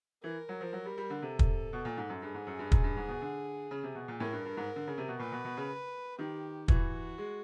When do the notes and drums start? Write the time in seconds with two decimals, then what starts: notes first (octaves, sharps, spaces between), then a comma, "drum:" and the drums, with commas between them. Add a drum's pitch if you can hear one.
0.23 E3 A#4
0.49 F#3
0.61 F3
0.73 F#3
0.85 G3
0.98 G3
1.10 D3
1.22 C3 A4
1.39 drum: kick
1.73 B2
1.85 A#2
1.97 G#2
2.09 F#2
2.22 G2 G#4
2.34 G#2
2.47 F#2
2.59 G2
2.72 F#2, drum: kick
2.84 G2
2.97 G#2
3.08 B2
3.21 D3
3.71 C#3
3.83 C3
3.95 B2
4.08 A#2
4.20 A2 A#4
4.33 G2
4.45 G2
4.57 G#2
4.76 D3
4.87 C#3
4.98 C3
5.08 B2
5.19 A#2 B4
5.32 B2
5.45 B2
5.57 C#3
6.19 D#3 G4
6.68 E3 F#4, drum: kick
7.18 G#3